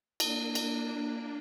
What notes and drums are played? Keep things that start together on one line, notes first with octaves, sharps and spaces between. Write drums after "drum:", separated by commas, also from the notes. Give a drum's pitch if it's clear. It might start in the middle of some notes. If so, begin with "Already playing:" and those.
A#3 D4, drum: cymbal
drum: cymbal